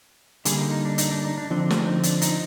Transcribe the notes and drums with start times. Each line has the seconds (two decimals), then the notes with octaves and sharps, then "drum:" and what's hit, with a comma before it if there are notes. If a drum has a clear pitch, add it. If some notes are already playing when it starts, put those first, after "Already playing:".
0.45 D3 G3 A#3 G#4, drum: hi-hat
0.58 D#4
0.71 D#4
0.85 D4
0.98 D#4, drum: hi-hat
1.11 D4
1.25 D#4
1.38 D4
1.51 D3 F3 C4 D4
1.70 D4, drum: snare
1.77 D#4
2.03 D4, drum: hi-hat
2.22 D#4, drum: hi-hat